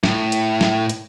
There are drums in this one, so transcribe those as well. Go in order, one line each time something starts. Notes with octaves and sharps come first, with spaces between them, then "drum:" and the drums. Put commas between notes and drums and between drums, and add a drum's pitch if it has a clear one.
A2, drum: snare
drum: hi-hat
drum: snare
drum: hi-hat